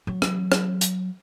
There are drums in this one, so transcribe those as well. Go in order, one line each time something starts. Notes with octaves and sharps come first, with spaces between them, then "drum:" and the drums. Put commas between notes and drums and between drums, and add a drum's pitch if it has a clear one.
F#3
drum: rim click
drum: rim click
drum: hi-hat